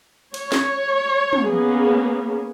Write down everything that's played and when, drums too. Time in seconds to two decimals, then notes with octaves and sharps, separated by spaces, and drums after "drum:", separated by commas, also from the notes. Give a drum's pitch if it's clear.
0.34 C#5, drum: cymbal
0.52 drum: snare
1.33 drum: tom
1.47 A#3 B3 C#4 G#4